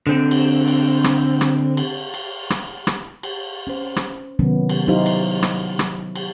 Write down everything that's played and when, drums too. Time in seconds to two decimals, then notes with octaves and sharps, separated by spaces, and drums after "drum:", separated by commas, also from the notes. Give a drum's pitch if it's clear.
0.07 D3 C4
0.31 drum: cymbal
0.68 drum: cymbal
1.04 drum: rim click
1.41 drum: rim click
1.77 drum: cymbal
2.14 drum: cymbal
2.50 drum: rim click
2.87 drum: rim click
3.23 drum: cymbal
3.67 C#4 C5
3.96 drum: rim click
4.39 C3 D#3 F#3 B3 C#4
4.69 drum: cymbal
4.88 F#3 D#4 E4 G4 C5 F5
5.06 drum: cymbal
5.42 drum: rim click
5.79 drum: rim click
6.16 drum: cymbal